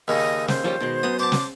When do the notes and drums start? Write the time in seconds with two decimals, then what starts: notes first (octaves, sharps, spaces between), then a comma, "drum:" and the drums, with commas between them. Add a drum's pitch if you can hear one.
0.08 D#2 C#3 D#5
0.48 C5, drum: snare
0.64 F3 G3 C#4
0.81 B2 D#3 G#3
1.03 F#2 B3 D#6
1.19 C5 A5 D6
1.32 drum: snare